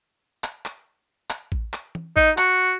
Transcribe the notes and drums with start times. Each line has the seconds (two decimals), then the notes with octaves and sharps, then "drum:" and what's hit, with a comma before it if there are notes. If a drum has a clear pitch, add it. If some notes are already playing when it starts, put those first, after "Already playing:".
0.44 drum: clap
0.65 drum: clap
1.30 drum: clap
1.52 drum: kick A1
1.73 drum: clap
1.95 drum: tom
2.17 D#4, drum: kick A1
2.38 F#4, drum: clap